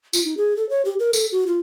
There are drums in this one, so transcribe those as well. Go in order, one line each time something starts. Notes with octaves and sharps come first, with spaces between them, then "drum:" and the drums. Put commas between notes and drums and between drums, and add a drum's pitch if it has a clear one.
F4, drum: tambourine
D#4
G#4
A4
C#5
G4
A#4
A4, drum: tambourine
F#4
F4